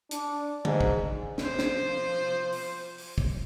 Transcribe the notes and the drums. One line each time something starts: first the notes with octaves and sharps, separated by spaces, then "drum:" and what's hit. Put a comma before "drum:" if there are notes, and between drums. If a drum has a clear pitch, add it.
D4, drum: hi-hat
G#2, drum: tom D3
drum: kick
F3 C5, drum: snare
drum: snare
drum: open hi-hat
drum: open hi-hat
drum: kick